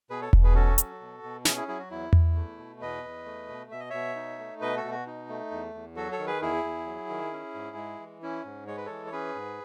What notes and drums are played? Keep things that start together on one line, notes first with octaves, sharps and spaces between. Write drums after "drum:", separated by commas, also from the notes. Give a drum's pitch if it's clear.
B2 G#4 B4
A4 C#5
B2, drum: kick E1
G#4 B4
C#4 F#4 A4
F#3, drum: hi-hat
B2
B2
C#4 E4 G#4, drum: snare
E4 G#4
F#3 E4 G#4
F#4
E2 E4
E2, drum: tom E2
A3
B2
E2 B4 D#5
E2
A3
B2
B2 E5
D#5
B2 C#5 E5
D#4
A3
B2 B4 D#5
F#4 A4
B2
F#4
D#4
A3
E2
E2
F#3 F#4 A4
A4 C#5
D#3
G#4 B4
E2 E4 G#4
E2
F#3
D#3
C#4
G#2
G#3
E3
C#4 E4
G#2
G#3 C#5
B4
E3 A4 C#5
C#5
C#4 G#4 B4
G#2